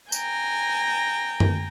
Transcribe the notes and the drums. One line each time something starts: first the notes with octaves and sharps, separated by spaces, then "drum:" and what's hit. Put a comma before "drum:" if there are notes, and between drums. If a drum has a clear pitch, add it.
G5 G#5 A#5, drum: tambourine
drum: tom F#2